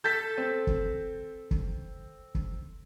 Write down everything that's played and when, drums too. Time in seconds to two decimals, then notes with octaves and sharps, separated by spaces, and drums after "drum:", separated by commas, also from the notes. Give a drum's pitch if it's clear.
0.04 A4 G6 A6 B6
0.37 C4
0.67 drum: kick
1.51 drum: kick
2.35 drum: kick